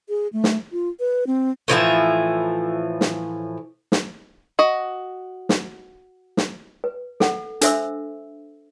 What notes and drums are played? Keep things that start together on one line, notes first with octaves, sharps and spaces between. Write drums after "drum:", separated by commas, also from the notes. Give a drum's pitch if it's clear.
G#4
A3
drum: snare
F4
B4
C4
A2 E3 F3 E5
drum: snare
drum: snare
F#4 D#5
drum: snare
drum: snare
B4
A4 F#5, drum: snare
D4 A4 C5 E5 C6 E6, drum: hi-hat